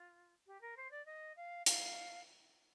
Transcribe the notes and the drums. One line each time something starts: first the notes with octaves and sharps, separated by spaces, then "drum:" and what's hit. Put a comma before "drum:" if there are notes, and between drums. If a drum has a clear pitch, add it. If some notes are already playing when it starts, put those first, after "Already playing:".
Already playing: F4
G4
A#4
C5
D5
D#5
F5
F5, drum: hi-hat